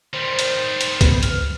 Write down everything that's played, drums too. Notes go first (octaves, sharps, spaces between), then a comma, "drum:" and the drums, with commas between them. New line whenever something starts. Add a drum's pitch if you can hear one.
D#3 G3 C5
drum: hi-hat
drum: hi-hat
B3, drum: kick, hi-hat
F6, drum: hi-hat